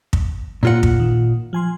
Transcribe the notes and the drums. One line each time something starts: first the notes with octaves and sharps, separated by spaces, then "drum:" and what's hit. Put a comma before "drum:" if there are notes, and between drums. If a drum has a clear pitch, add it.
drum: kick
A#2 A#3 F4 F#5
drum: kick
D#3
F3 G#5 C6